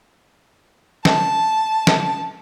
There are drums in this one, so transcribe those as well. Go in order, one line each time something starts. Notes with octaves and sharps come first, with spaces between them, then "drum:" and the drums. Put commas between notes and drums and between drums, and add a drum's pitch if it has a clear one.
A5, drum: snare
drum: snare